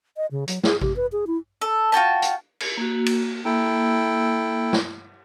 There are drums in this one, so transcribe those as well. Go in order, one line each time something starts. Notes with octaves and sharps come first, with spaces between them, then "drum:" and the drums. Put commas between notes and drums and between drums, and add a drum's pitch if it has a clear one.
D#5
C#3
F#3, drum: hi-hat
G#4, drum: snare
G4, drum: kick A1
B4
G#4
E4
A4
F4 F#4 G5 A5
drum: hi-hat
drum: cymbal
A#3 F#4
drum: cymbal
A#3 E4 A4 G5
drum: snare